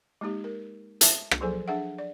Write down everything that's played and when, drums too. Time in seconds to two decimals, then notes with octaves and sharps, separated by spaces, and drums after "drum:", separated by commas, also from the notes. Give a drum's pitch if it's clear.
0.21 G#3 A#3 D#4 G4
0.44 A#4
1.01 E5 A5, drum: hi-hat
1.31 drum: rim click
1.41 F3 F#3 G#4 A4 C5 G#5
1.68 D4 G#4 E5 F#5
1.98 D5